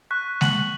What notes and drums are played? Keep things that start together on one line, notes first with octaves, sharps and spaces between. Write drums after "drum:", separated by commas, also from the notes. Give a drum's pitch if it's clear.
C#6 F#6 B6
F#6 B6 F#7, drum: snare G#3